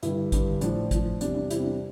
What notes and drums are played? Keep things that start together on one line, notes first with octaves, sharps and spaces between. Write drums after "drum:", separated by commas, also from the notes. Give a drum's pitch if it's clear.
G2 D3 G3 E4, drum: hi-hat
G2 D3 G3, drum: kick G#1, hi-hat
A2 F3 D4, drum: hi-hat
A2 F3, drum: kick G#1, hi-hat
E2 C3 G3 D4, drum: hi-hat
D4
E2 C3 G3 E4, drum: hi-hat
D4